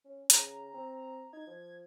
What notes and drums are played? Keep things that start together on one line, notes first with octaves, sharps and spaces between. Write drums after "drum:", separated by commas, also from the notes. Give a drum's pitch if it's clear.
C#4
C#3 A#5, drum: hi-hat
C4
D#4 G#6
F3